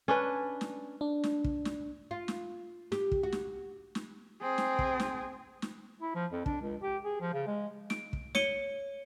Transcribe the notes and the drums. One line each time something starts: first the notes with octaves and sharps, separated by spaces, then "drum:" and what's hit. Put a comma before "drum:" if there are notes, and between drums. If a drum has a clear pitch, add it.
C#4 D4 B4
drum: snare
D4
drum: snare
drum: kick
drum: snare
F4
drum: snare
G4, drum: snare
drum: kick
F#4
drum: snare
drum: snare
C4 G#4
drum: snare
drum: kick
drum: snare
drum: snare
E4
F3
F2
D4, drum: kick
C#2
G4
G#4
F3
C#3
G#3
D7, drum: snare
drum: kick
C#5 C#7 D#7 G7, drum: snare